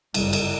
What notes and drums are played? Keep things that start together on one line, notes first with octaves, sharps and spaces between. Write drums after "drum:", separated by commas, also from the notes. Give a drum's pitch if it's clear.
G1 F#2 C#3 G3, drum: cymbal
drum: cymbal